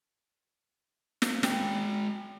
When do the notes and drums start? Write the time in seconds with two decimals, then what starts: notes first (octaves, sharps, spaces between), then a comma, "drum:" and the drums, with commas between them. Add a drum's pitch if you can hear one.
1.22 drum: snare
1.43 G#3 G5, drum: snare